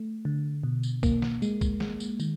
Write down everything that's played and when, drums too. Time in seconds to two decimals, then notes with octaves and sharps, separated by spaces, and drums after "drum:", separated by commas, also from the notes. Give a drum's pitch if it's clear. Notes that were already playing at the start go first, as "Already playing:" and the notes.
Already playing: A3
0.25 D3
0.63 B2
0.83 drum: tambourine
1.03 A#3, drum: kick B1, tambourine
1.22 drum: snare
1.42 G#3, drum: tambourine
1.61 drum: kick B1, tambourine
1.80 G#3, drum: snare
2.00 drum: tambourine
2.20 D#3, drum: tambourine